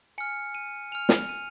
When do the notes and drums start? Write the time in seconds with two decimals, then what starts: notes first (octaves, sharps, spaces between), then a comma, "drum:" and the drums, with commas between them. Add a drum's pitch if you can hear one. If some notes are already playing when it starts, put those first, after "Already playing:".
0.18 G#5 F6 C#7
0.55 D#7
0.92 G#5 F6 F7
1.09 drum: snare
1.29 D#7